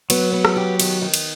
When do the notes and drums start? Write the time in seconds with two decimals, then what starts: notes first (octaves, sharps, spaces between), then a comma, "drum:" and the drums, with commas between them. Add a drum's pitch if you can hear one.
0.10 F#3 B3, drum: cymbal
0.32 B3
0.45 drum: rim click
0.56 G4
0.80 D#3, drum: cymbal
1.01 D#3
1.14 drum: cymbal